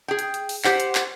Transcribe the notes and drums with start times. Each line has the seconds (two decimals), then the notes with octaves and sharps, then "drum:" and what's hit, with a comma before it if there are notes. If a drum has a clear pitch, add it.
0.08 G#4 G5
0.19 drum: hi-hat
0.34 drum: hi-hat
0.49 drum: open hi-hat
0.64 G4 C5 F#5, drum: clap
0.80 drum: hi-hat
0.95 drum: clap